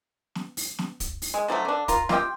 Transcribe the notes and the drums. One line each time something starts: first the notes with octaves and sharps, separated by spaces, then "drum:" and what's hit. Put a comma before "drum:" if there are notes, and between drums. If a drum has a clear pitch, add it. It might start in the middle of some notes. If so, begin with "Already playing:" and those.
drum: snare
drum: open hi-hat
drum: snare
drum: kick, hi-hat
drum: open hi-hat
G#3
D3 F3 F#3 A3
D3 D4
F4 A#4, drum: kick, hi-hat
F4 G4 D#5 G5, drum: snare